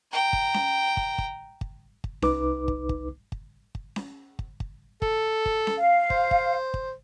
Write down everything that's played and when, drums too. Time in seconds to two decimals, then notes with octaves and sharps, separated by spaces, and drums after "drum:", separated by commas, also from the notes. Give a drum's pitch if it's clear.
0.12 G5 A#5
0.33 drum: kick
0.54 drum: snare C#4
0.97 drum: kick
1.18 drum: kick
1.61 drum: kick
2.04 drum: kick
2.22 C2 D#4 B4 D6, drum: snare C#4
2.68 drum: kick
2.89 drum: kick
3.32 drum: kick
3.75 drum: kick
3.96 drum: snare C#4
4.39 drum: kick
4.60 drum: kick
5.02 A4, drum: kick
5.46 drum: kick
5.67 drum: snare C#4
5.77 F5
6.10 C5, drum: kick
6.31 drum: kick
6.74 drum: kick